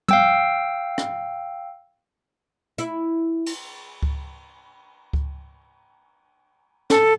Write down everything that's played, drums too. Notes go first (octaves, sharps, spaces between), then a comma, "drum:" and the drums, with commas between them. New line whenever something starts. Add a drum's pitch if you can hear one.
F5 G5 E6, drum: tom
drum: rim click
E4, drum: hi-hat
drum: cymbal
drum: kick C#2
drum: kick C#2
A4, drum: snare